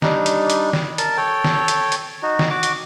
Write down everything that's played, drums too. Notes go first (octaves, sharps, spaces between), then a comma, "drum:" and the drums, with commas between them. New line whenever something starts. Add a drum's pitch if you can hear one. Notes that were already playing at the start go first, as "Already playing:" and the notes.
G3 D4 D#4, drum: snare
drum: hi-hat
drum: hi-hat
drum: snare
A#4 A5, drum: hi-hat
A4 C#5 G5
drum: snare
drum: hi-hat
drum: hi-hat
D#4 F#4
drum: snare
F#4 D6
drum: hi-hat